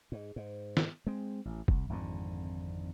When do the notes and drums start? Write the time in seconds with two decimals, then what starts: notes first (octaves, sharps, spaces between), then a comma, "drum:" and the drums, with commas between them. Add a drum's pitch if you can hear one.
0.12 G#2
0.36 G#2
0.77 drum: snare
1.07 G#3 C4
1.45 A1
1.68 C2, drum: kick F#1
1.89 G#1 F2 G#2 D3